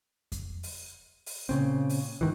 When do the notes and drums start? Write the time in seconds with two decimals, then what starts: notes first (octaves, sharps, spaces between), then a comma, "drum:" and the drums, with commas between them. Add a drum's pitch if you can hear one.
0.32 drum: kick F2, hi-hat
0.63 drum: open hi-hat
1.26 drum: open hi-hat
1.49 A#2 C#3 C4
1.89 drum: open hi-hat
2.21 G#2 D#3 E3